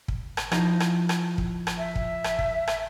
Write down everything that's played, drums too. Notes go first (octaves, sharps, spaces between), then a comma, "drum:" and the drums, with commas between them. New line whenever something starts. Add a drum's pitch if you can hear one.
drum: kick
drum: rim click
F3 D#4 E4, drum: rim click
drum: rim click
drum: rim click
drum: kick
drum: rim click
E5
drum: kick
drum: rim click
drum: kick
drum: rim click